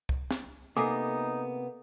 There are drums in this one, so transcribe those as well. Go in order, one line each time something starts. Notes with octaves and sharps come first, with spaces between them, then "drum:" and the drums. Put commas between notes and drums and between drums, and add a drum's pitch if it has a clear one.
drum: kick C2
drum: snare
C3 A#3 B3 D#4 A4 G#5 D6